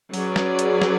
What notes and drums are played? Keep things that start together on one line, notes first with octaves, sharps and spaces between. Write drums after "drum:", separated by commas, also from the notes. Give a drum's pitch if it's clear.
F#3 C#4 G#4 B4 D5, drum: open hi-hat
drum: snare
drum: hi-hat
drum: snare